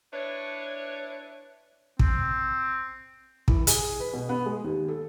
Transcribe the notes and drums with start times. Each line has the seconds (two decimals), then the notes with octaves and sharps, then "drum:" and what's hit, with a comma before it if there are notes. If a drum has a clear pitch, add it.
0.13 D4 E4 B4 C#5
1.99 C4, drum: kick
3.48 E3, drum: kick
3.67 G#4, drum: hi-hat
4.00 B4
4.13 B2
4.29 B3
4.46 G#3
4.64 D#2
4.88 A4